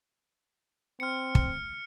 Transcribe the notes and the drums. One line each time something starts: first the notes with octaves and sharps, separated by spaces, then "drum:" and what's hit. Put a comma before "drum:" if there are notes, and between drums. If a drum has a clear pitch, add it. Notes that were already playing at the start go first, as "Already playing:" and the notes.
C4 F6 C#7
drum: kick